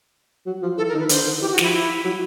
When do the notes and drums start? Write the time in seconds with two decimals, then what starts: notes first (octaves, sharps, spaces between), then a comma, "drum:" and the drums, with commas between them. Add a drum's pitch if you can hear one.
0.46 F#3
0.62 F3
0.78 E3 A4
0.89 A#4
0.94 D#3
0.99 B4
1.09 D3 C5, drum: hi-hat
1.26 D#3
1.41 E3 G4
1.52 F#4
1.58 F3 E4, drum: snare
1.73 E4
2.04 F#3